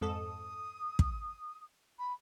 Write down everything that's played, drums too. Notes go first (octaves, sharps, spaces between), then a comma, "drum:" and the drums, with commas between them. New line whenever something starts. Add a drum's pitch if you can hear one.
F2 G#2 A4 D#6
drum: kick
B5